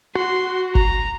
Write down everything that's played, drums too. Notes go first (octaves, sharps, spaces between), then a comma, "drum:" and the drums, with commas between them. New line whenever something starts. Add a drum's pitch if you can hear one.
F#4 C6
A#5, drum: kick G#1